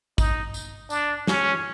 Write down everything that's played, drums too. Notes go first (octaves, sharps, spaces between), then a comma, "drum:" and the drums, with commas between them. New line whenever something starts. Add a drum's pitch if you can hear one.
D#4, drum: kick, tambourine
drum: tambourine
D4, drum: tambourine
C#4, drum: snare